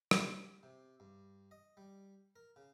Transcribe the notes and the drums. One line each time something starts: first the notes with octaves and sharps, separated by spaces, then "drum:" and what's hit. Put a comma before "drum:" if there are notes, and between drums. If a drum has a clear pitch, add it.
G3, drum: rim click
C3
G2
D#5
G3
A#4
C#3